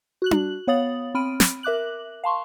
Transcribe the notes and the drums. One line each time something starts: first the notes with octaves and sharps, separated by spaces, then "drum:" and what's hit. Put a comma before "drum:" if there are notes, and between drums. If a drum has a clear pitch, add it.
F#4 F#6 F#7
drum: tom D4
B3 C#5 F5 D#6 A6 F#7
C4 B5 F6 D7 D#7
drum: snare
A#4 E5 D6 F#6 F#7
F5 A5 C6 C#6